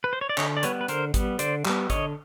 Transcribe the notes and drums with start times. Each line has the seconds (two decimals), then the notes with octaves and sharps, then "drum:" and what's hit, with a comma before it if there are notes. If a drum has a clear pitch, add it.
0.04 B4
0.13 C5
0.21 C#5
0.29 D5
0.37 D3 C#5 D#5, drum: clap
0.57 D5
0.63 G3 B3 B4 C#5, drum: hi-hat
0.81 B4
0.88 D3 A#4 C5, drum: hi-hat
1.14 G3 B3, drum: kick G#1, hi-hat
1.39 D3 C5 D5, drum: hi-hat
1.65 G3 B3, drum: clap
1.90 D3 C#5 D#5, drum: kick G#1, hi-hat